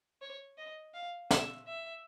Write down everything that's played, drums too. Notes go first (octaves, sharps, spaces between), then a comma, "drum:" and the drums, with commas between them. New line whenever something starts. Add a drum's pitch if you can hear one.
C#5
D#5
F5
E5, drum: snare
E5